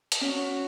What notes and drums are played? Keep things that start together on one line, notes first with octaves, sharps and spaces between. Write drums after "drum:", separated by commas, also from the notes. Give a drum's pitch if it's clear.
drum: hi-hat
C#4 F#4